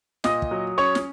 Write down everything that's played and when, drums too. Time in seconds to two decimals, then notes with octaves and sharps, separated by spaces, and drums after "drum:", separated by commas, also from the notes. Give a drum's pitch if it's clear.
0.24 A#2 D#5 D#6, drum: snare
0.42 drum: kick
0.51 F#3
0.78 C#4 C#5 C#6
0.95 drum: snare